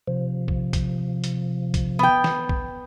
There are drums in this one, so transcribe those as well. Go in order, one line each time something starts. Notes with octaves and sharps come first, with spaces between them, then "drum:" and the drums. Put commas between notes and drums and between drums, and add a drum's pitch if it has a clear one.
C3 F3
drum: kick
drum: kick, hi-hat
drum: hi-hat
drum: kick, hi-hat
B3 G5
drum: snare
drum: kick